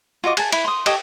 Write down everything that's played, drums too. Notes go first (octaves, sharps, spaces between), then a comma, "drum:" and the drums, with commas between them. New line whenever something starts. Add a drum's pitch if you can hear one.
F4 F#4 D#5 D6
G#4 A5, drum: cymbal
E4, drum: cymbal
C6 D#6
G4 A4 C#5 D#5, drum: cymbal